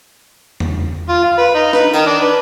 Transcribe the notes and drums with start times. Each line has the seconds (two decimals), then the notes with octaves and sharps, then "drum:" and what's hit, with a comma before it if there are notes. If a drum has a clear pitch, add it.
0.60 drum: tom E2
1.09 F4
1.23 F5
1.38 B4
1.54 D#4
1.73 B4, drum: snare
1.93 D#3, drum: tambourine
2.06 D4
2.22 B4